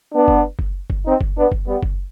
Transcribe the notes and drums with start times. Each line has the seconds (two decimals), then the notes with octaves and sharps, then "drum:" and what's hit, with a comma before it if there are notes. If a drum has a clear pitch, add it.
0.13 B3 D4
0.28 drum: kick F#1
0.59 drum: kick F#1
0.90 drum: kick F#1
1.05 C4 D#4
1.21 drum: kick F#1
1.37 B3 D4
1.52 drum: kick F#1
1.67 G3 B3
1.83 drum: kick F#1